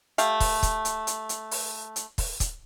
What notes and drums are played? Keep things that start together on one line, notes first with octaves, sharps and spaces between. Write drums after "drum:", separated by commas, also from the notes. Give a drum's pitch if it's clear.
A3 G4 F5, drum: hi-hat
drum: kick, open hi-hat
drum: kick, hi-hat
drum: hi-hat
drum: hi-hat
drum: hi-hat
drum: open hi-hat
drum: hi-hat
drum: kick, open hi-hat
drum: kick, hi-hat